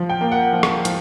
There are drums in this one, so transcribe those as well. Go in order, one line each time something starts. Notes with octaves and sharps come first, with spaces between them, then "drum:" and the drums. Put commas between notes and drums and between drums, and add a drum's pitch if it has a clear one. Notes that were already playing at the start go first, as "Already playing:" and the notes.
Already playing: F3
G5
A#3
F#5
F3
drum: rim click
F3, drum: hi-hat